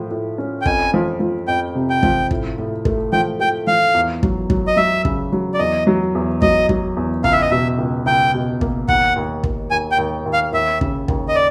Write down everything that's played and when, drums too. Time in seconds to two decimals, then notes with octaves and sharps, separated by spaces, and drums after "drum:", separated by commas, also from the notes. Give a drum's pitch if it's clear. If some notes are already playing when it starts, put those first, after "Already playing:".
Already playing: A2 F3 A3
0.11 A2
0.38 C#4
0.62 G5
0.66 F2 G#5, drum: kick
0.94 F3
1.20 F3
1.48 F2 G5
1.75 C3
1.90 G5
2.03 F3, drum: kick
2.31 A2, drum: kick
2.58 A2
2.85 A3, drum: kick
3.13 F3 G5
3.39 A3 G5
3.67 F3 F5
3.94 E2
4.23 F#3, drum: kick
4.50 F#3, drum: kick
4.67 D#5
4.77 F#3 E5
5.05 C#3, drum: kick
5.32 F#3
5.54 D5
5.59 E2 D#5
5.87 F#3
6.15 E2
6.42 F#3 D#5, drum: kick
6.69 F#3, drum: kick
6.97 E2
7.24 C#2 F5, drum: kick
7.32 E5
7.42 D#5
7.51 B2 E5
7.79 C#2
8.06 C#2 G5
8.34 B2
8.61 A#3, drum: kick
8.88 D#2 F#5, drum: kick
9.16 D#2
9.44 D#2, drum: kick
9.71 D#2 G#5
9.91 G5
9.98 D#2
10.26 D#2
10.33 F5
10.53 D#2 E5
10.81 C#3, drum: kick
11.08 D#2, drum: kick
11.28 D#5
11.35 D5